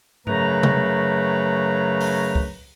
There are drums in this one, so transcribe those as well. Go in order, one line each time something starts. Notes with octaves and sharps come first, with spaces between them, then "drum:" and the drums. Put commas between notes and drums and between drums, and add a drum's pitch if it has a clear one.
F#2 C#3 F#3 A3 B4 A#5, drum: tom G#2
drum: tom C3
drum: open hi-hat
drum: kick